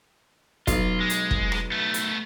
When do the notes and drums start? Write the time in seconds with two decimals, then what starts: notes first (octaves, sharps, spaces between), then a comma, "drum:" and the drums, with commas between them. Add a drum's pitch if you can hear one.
0.67 B1 F4, drum: kick, hi-hat
1.01 G#3
1.10 drum: hi-hat
1.31 drum: kick
1.52 drum: rim click
1.72 A3 B3
1.94 drum: hi-hat